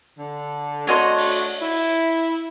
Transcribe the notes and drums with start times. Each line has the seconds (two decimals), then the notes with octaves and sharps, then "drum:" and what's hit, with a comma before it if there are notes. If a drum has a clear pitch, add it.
0.18 D3
0.87 A3 D4 F#4 C#5 D#5 C6
1.18 drum: open hi-hat
1.32 drum: tambourine
1.62 E4